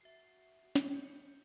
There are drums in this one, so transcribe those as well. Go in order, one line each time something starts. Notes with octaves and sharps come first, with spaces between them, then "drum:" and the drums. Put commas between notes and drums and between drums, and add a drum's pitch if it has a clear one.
F#4 E5 C7
drum: snare
G6 C#7